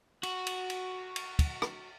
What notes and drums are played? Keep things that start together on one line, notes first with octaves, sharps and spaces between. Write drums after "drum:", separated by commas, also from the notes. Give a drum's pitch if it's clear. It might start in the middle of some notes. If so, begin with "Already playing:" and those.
F#4, drum: cymbal
drum: cymbal
drum: cymbal
drum: cymbal
drum: kick, cymbal
drum: rim click